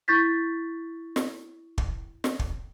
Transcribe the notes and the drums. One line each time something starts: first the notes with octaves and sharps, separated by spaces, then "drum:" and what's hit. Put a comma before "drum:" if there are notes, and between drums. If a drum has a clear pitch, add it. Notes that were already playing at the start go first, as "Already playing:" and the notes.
E4 C#6 G6 A6 B6
drum: snare
drum: kick
drum: snare
drum: kick